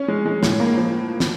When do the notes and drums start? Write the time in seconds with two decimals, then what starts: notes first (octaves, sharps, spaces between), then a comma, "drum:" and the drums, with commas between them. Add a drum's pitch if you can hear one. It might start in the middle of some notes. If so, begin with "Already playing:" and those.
Already playing: C#4
0.08 G#3
0.25 G#3
0.43 A2, drum: snare
0.60 A#3
0.77 F3
1.20 drum: snare